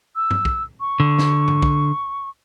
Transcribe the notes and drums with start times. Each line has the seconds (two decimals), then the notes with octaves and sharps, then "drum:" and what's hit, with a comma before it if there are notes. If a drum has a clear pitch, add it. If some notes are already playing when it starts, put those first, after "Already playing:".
0.16 E6
0.31 drum: tom G2
0.45 drum: kick
0.80 C#6
1.00 D3
1.18 drum: snare
1.48 drum: tom G#2
1.62 drum: kick